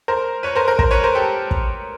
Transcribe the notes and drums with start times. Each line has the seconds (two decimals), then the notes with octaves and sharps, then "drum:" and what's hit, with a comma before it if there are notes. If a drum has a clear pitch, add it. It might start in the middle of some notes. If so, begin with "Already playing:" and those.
0.08 A#4 C5
0.43 B4 C#5
0.56 A#4 C5
0.67 A#4 C5
0.79 A#4 C5, drum: kick
0.91 B4 C#5
1.04 A#4 C5
1.15 G4 A4
1.51 drum: kick